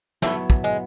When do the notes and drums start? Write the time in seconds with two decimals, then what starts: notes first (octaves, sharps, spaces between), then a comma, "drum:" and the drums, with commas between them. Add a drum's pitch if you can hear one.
0.22 F#3 A3 B3 E4, drum: snare
0.50 drum: kick
0.64 G#3